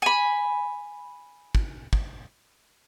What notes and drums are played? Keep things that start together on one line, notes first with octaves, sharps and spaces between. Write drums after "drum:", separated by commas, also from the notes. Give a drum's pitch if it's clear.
G#5 B5
drum: kick
drum: kick